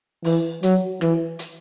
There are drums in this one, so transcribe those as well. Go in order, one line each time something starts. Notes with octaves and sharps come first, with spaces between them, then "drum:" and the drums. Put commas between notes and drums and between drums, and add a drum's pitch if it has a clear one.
E3, drum: open hi-hat
F#3, drum: hi-hat
E3, drum: rim click
drum: hi-hat